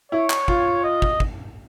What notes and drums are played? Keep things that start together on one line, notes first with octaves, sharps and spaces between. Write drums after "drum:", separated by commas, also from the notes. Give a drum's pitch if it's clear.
E4 C#5
drum: clap
F4, drum: kick
D#5
drum: kick
drum: kick